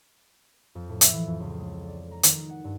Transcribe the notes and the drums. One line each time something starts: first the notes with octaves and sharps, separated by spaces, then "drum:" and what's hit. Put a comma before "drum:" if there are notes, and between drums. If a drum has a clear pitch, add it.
F2
A2
E5, drum: hi-hat
E3
F2
C#2
G#3
D5
A#5
D#3, drum: hi-hat
F#5
G2